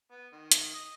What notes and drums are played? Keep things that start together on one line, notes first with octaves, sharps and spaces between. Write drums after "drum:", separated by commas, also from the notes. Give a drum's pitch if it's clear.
B3
D#3
drum: hi-hat
D#5